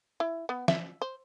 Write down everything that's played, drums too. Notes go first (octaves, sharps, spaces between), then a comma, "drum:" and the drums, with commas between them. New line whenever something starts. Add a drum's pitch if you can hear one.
E4
B3
E5, drum: snare
C5